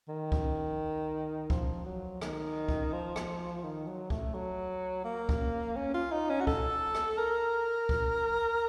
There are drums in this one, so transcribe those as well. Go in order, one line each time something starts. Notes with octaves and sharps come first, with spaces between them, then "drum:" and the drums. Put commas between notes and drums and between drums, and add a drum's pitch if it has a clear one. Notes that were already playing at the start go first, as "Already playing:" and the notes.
D#3
drum: kick C#2
F3, drum: kick C#2
F#3
D#3, drum: rim click
drum: kick C#2
F3
drum: rim click
D#3
F#3
A3, drum: kick C#2
F#3
A#3
drum: kick C#2
C#4
F4
D#4
C#4
F#4
A4, drum: kick C#2
drum: rim click
A#4
drum: kick C#2